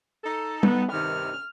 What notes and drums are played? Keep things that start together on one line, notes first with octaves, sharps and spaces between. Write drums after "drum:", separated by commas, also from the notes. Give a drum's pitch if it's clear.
D#4 A4
B3, drum: tom G3
G2 C3 D#3 F6